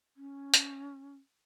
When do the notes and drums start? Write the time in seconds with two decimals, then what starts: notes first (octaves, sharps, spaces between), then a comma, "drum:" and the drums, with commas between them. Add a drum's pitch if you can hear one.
0.17 C#4
0.54 drum: hi-hat